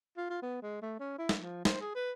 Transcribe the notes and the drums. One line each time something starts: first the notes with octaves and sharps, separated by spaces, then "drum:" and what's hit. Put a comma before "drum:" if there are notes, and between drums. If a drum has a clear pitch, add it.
F4
F4
B3
G#3
A3
C#4
E4
drum: snare
F3
C5, drum: snare
G#4
B4